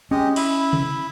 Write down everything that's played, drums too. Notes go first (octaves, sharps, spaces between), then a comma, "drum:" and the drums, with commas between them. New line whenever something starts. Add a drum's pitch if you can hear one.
G#3 C#4 G4 D#5
E4 E5, drum: cymbal
drum: tom C3